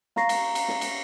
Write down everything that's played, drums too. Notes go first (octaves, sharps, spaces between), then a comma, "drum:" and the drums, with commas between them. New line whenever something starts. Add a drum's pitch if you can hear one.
F5 A#5 C#6 A#6 C7, drum: snare
drum: cymbal
drum: cymbal
drum: snare
drum: cymbal